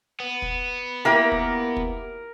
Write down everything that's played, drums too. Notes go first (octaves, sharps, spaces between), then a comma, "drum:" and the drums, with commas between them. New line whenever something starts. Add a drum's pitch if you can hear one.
B3
drum: kick
A#3 E4 G4 A#4
drum: kick
drum: kick